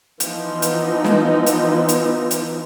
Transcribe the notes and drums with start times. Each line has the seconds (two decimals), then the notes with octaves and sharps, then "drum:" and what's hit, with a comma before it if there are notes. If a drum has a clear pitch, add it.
0.20 E3 F3 B3 D#4, drum: hi-hat
0.62 drum: hi-hat
1.04 drum: snare
1.47 drum: hi-hat
1.89 drum: hi-hat
2.31 drum: hi-hat